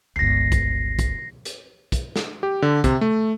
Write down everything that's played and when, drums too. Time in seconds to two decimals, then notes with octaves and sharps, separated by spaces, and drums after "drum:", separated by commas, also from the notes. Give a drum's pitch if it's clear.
0.16 G1 C#2 A#6 C7
0.52 drum: kick, hi-hat
0.99 drum: kick, hi-hat
1.45 drum: hi-hat
1.92 drum: kick, hi-hat
2.16 drum: snare
2.43 G4
2.62 D3
2.84 C3, drum: kick, hi-hat
3.01 A3